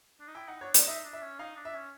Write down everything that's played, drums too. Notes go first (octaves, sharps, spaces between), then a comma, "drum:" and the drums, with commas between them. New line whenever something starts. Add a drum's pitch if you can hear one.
D4
D#4
E4 G5
D#4 F#5
D4 C#5
D#4 D5, drum: hi-hat
D#4 E5
D4
E5
C#4
D#4 F5
D4
E5
C#4